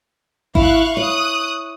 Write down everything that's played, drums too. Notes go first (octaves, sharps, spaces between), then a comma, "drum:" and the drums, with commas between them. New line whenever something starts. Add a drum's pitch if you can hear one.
E4 F5 C#6 F#6, drum: kick G#1
C#5 D#6 F#6